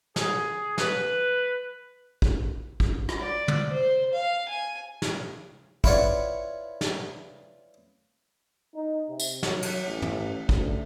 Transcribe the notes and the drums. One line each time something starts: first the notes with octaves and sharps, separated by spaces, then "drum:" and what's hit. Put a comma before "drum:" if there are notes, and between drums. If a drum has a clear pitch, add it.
G#4, drum: snare
B4, drum: snare
drum: kick
drum: kick
drum: rim click
D5
drum: tom
C5
F5
G#5
drum: snare
E4 F4 B4 C#5 D5 F#5, drum: kick
drum: snare
D#4
C3
drum: tambourine
F#3, drum: snare
drum: cymbal
A1
drum: tom
D2, drum: kick